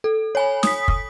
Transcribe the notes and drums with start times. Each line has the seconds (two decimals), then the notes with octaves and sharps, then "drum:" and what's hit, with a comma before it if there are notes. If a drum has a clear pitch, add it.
0.04 A4
0.35 C#5 G#5 B5
0.63 D#6 B6, drum: snare
0.88 drum: kick